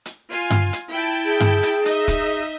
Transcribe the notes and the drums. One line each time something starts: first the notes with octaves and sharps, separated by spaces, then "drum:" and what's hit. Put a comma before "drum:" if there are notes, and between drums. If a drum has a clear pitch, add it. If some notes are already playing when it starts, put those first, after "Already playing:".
drum: hi-hat
F4 G#5
drum: tom G2
drum: hi-hat
E4 G5 A5
G#4
drum: tom G2
drum: hi-hat
D#4 D#5 E5, drum: hi-hat
drum: kick, hi-hat